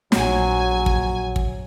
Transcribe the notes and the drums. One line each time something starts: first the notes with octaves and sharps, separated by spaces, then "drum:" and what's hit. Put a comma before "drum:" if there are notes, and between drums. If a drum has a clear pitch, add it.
A#1 F#3 G#5, drum: snare
drum: kick
drum: kick